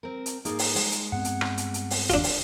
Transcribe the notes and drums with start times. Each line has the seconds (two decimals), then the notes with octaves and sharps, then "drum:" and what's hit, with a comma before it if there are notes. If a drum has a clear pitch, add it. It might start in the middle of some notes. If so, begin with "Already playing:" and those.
0.03 C4 A#4
0.26 drum: hi-hat
0.45 G#2 A#3 D#4 G#4 A#5, drum: hi-hat
0.59 drum: open hi-hat
0.75 G#3, drum: open hi-hat
0.92 drum: hi-hat
1.12 G2 B3 C4 F#5
1.25 drum: hi-hat
1.41 drum: rim click
1.58 drum: hi-hat
1.74 drum: hi-hat
1.90 drum: open hi-hat
2.10 D4 F4, drum: hi-hat
2.23 drum: open hi-hat